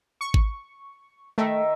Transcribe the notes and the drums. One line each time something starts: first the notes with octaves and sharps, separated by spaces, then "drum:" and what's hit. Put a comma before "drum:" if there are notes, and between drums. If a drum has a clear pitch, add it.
C#6
drum: kick G#1
D#3 A3 E5